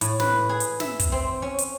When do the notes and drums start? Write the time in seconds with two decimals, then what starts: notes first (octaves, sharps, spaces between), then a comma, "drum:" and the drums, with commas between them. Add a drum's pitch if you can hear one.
0.01 A2, drum: hi-hat
0.20 B4, drum: snare
0.49 G#4
0.60 drum: hi-hat
0.80 E5, drum: snare
1.00 drum: kick, hi-hat
1.12 C4
1.42 C#4
1.59 drum: hi-hat